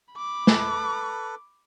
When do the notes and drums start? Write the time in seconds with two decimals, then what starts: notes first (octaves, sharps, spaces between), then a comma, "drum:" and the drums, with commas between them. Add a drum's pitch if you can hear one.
0.14 B5 D6
0.47 A4 B4, drum: snare